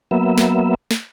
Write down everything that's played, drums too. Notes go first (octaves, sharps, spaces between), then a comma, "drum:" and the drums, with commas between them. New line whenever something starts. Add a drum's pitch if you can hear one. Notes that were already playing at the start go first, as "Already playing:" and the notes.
F#3 A#3 B3 E5
drum: snare
drum: snare